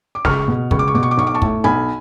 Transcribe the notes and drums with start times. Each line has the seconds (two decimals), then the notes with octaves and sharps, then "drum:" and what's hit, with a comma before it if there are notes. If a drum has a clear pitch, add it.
0.15 D6
0.25 C#2 C#6 F6, drum: snare
0.48 B2
0.71 C#2 C#6, drum: kick
0.79 D6
0.88 C#6
0.94 B2 D6
1.03 C#6
1.11 D6
1.18 B1 C#6
1.27 D6
1.34 A5 C#6
1.42 A2, drum: kick
1.64 B1 G#5 B5